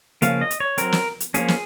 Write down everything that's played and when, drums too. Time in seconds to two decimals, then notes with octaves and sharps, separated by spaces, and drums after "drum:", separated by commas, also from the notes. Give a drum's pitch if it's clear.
0.22 C#3 F3 A#3 C#4 F5, drum: hi-hat
0.41 D#5
0.51 drum: hi-hat
0.60 C#5
0.78 F#3 C4 A#4, drum: hi-hat
0.92 drum: snare
1.20 drum: hi-hat
1.34 F3 A#3 C#4 G#4, drum: hi-hat
1.48 drum: snare